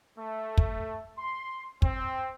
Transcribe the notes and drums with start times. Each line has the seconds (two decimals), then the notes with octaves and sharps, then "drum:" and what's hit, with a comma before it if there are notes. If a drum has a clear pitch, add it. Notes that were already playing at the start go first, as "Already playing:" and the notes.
0.18 A3
0.58 drum: kick
1.17 C6
1.82 C4, drum: kick